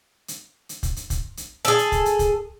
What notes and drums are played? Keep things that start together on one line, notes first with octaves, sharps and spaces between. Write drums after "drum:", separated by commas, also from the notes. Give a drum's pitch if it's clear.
drum: hi-hat
drum: hi-hat
drum: kick, hi-hat
drum: hi-hat
drum: kick, hi-hat
drum: hi-hat
G#4 A4, drum: hi-hat
drum: hi-hat
drum: kick, hi-hat
drum: hi-hat
drum: kick, hi-hat